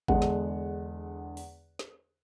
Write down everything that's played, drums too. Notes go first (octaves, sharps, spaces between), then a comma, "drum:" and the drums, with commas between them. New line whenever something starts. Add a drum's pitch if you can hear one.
E2 D3 G#3 D4 F#5, drum: kick G#1
drum: snare
drum: open hi-hat
drum: snare